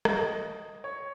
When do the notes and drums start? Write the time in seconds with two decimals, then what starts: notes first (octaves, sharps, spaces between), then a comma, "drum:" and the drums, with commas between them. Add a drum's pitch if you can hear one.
0.05 D#5, drum: rim click
0.84 C#5